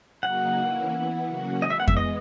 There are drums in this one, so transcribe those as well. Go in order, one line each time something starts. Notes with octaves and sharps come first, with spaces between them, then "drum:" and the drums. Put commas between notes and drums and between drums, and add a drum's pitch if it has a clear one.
C#3 F#3 A#3 D#4 F#4 F#5
E3 A#3 C#4 E4
E3 B3 E4
C#3 F#3 A#3 C#4 F#4
E3 G#3 B3 D#5
E5
F#5
E5, drum: kick F2
D#5